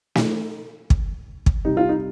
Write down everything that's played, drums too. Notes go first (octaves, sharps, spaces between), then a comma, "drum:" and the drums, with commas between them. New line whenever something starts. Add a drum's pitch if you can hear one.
D#4, drum: snare
drum: kick
drum: kick
C3 G3 D#4
F4
D#4